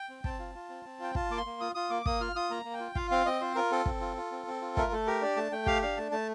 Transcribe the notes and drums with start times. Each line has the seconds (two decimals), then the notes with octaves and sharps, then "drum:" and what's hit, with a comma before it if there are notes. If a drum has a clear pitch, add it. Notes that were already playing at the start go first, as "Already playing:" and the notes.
Already playing: G5
0.09 C4
0.24 C4 A5, drum: kick
0.39 F4
0.55 F4
0.69 C4
0.85 C4
0.99 F4 G5
1.15 F4 A5, drum: kick
1.31 A#3 D6
1.37 C6
1.46 A#3
1.60 F4 D#6
1.75 F4 D#6
1.90 A#3 D6
2.06 A#3 D#6, drum: kick
2.21 F4 F6
2.36 F4 D#6
2.50 A#3 A#5
2.65 A#3
2.74 G5
2.80 F4
2.95 F4 F5, drum: kick
3.11 C4 F5
3.26 C4 D#5
3.41 F4 C5
3.55 F4 A#4
3.71 C4 A4
3.86 C4, drum: kick
4.01 F4
4.17 F4
4.31 C4
4.47 C4
4.61 F4
4.77 A3 A#4, drum: kick
4.92 A3 A4
5.07 G4 A#4
5.22 D4 D5
5.36 A3 A5
5.52 A3 G5
5.66 G4 F5, drum: kick
5.82 D4 F5
5.97 A3 A5
6.12 A3 A5